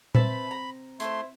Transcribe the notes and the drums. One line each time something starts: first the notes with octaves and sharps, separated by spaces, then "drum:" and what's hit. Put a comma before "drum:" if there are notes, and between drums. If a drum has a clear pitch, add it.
C4 B4 C5 E5 A5 B5, drum: tom A#2
A#5
A3 E4 C5 C6, drum: hi-hat